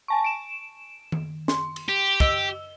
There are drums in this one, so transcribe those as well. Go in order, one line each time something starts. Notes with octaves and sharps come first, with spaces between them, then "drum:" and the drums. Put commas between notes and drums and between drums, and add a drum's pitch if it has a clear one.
G#5 A5 C#6
D7 E7
drum: tom D#3
C6, drum: snare
drum: cymbal
G4
D#5 E6 G7, drum: kick